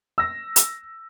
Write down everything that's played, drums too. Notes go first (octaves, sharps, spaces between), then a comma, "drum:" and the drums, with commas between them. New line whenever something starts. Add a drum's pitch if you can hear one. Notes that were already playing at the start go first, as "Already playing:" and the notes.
E6 A#6
drum: hi-hat